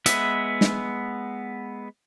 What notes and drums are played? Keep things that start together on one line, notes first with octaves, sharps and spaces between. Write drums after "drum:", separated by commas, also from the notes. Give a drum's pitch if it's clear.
G#3 B3 B4 E5, drum: hi-hat
drum: snare